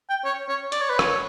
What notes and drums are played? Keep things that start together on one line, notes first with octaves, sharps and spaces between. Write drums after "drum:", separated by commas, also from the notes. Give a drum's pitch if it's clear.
G5
C#5
C#5
D5, drum: hi-hat
C#5
B4
C#5, drum: rim click